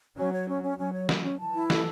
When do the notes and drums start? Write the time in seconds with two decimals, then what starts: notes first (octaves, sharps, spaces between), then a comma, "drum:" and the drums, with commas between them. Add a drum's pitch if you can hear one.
0.17 F#3 C#4
0.33 C#5
0.48 C#4
0.63 C#4
0.78 F#3 C#4
0.93 C#5
1.09 E4, drum: snare
1.24 C#4
1.39 E3 A5
1.54 E4
1.70 A4, drum: snare